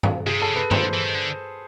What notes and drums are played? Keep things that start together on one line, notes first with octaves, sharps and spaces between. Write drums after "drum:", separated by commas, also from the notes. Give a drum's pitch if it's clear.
drum: tom G2
C3 G#4
C#3 A4
C3 B4
D3 C5, drum: tom G2
E3
D#3
D3